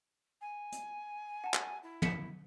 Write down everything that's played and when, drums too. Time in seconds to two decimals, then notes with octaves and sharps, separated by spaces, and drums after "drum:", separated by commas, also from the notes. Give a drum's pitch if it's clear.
0.41 G#5
0.72 drum: hi-hat
1.44 F#5 A5
1.54 drum: clap
1.83 E4
2.02 B6 C#7 E7, drum: tom